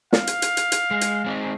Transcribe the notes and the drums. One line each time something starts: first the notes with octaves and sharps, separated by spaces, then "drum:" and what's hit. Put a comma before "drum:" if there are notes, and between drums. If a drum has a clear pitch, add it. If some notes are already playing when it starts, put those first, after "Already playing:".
F5, drum: snare
drum: hi-hat
drum: hi-hat
drum: hi-hat
drum: hi-hat
G#3
drum: hi-hat
G#3 C4 D#4